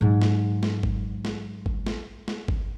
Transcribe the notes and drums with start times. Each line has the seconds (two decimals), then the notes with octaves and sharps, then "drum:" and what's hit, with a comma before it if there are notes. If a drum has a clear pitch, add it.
0.01 G#2 F#3
0.21 drum: snare
0.63 drum: snare
0.83 drum: kick
1.25 drum: snare
1.66 drum: kick
1.87 drum: snare
2.28 drum: snare
2.48 drum: kick